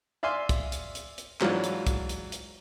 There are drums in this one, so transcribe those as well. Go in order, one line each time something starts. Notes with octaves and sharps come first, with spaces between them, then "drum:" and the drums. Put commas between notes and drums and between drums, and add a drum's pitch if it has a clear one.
D5 E5 F5 G#5 C6
drum: kick, hi-hat
drum: hi-hat
drum: hi-hat
drum: hi-hat
G#2 E3 F#3 D4 F4, drum: clap
drum: hi-hat
drum: kick, hi-hat
drum: hi-hat
drum: hi-hat